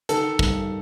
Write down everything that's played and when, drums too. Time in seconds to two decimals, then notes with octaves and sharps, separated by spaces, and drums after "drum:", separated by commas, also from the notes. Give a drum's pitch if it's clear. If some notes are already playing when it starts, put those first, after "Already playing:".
0.09 D#3 A4, drum: hi-hat
0.39 G2, drum: kick